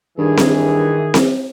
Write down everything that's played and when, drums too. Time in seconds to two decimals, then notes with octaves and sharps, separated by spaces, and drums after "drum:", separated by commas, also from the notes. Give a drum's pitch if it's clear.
0.18 G2 D#3 E3 G#4
0.37 drum: snare C4
1.14 drum: snare C4